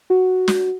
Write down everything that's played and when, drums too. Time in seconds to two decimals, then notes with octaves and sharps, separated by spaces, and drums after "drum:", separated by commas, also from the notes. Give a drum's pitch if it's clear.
0.10 F#4
0.48 drum: snare